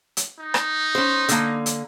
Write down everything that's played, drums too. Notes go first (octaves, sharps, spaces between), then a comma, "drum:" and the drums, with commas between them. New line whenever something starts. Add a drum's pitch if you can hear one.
drum: hi-hat
D#4
drum: rim click
C#4 C5
D3 A#3, drum: hi-hat
drum: hi-hat